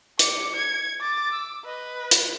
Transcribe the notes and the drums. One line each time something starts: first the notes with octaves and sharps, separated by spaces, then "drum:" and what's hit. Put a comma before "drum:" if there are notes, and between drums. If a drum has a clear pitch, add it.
D6 C#7, drum: hi-hat
G#6
D6 A6
E6
B4 D#5
drum: hi-hat